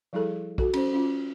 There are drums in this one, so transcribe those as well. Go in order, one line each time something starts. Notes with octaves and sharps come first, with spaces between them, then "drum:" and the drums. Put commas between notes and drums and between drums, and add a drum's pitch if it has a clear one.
F3 G3 E4 G#4 A4
F#4 A4, drum: kick
C#4 C5, drum: cymbal
C#4 F4